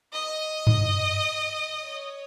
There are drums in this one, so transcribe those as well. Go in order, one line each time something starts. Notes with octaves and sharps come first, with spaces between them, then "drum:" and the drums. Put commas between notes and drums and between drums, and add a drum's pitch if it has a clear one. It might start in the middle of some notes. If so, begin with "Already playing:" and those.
D#5
drum: tom G2
C#5